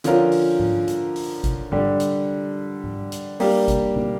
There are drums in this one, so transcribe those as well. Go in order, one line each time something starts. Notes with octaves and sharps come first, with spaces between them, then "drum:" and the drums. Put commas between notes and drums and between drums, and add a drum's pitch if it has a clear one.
D3 F3 C#4 F4 A#4, drum: hi-hat
drum: open hi-hat
drum: tom G#2
drum: hi-hat
drum: open hi-hat
drum: kick G#1, hi-hat
D3 G3 D4 G4, drum: tom G#2
drum: hi-hat
drum: tom G#2
drum: hi-hat
G3 A#3 D4 G4, drum: open hi-hat
drum: kick G#1, hi-hat
drum: tom C#3